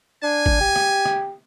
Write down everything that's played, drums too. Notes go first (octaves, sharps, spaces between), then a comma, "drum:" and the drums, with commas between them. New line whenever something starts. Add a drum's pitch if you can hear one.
D4 G#5
drum: kick
G4
drum: rim click
drum: rim click